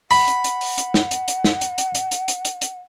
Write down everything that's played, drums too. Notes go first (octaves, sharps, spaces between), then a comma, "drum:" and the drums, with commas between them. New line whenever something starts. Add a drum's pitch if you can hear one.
F#5 B5, drum: open hi-hat
drum: hi-hat
drum: hi-hat
drum: open hi-hat
drum: hi-hat
drum: snare
drum: hi-hat
drum: hi-hat
drum: snare
drum: hi-hat
drum: hi-hat
drum: hi-hat
drum: hi-hat
drum: hi-hat
drum: hi-hat
drum: hi-hat